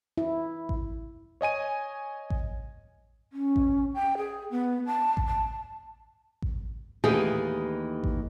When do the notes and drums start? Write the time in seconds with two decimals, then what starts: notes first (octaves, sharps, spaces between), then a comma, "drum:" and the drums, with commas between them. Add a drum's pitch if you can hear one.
0.18 E4
0.69 drum: kick A1
1.41 C#5 D#5 G#5 D#7
2.30 drum: kick A1
3.33 C#4
3.56 drum: kick A1
3.94 G5
4.18 G#4
4.51 B3
4.86 A5
5.17 drum: kick A1
5.27 A5
6.42 drum: kick A1
7.04 D#2 D#3 E3 A3 G4 G#4
8.04 drum: kick A1